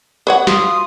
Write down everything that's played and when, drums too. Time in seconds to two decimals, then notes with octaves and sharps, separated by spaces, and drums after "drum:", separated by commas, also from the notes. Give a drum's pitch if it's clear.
0.27 B4 C#5 F#5
0.47 F4 F#4 D#6, drum: snare